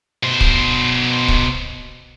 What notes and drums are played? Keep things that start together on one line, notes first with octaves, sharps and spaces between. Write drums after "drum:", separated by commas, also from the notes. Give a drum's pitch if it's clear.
B2 C5
drum: kick
drum: kick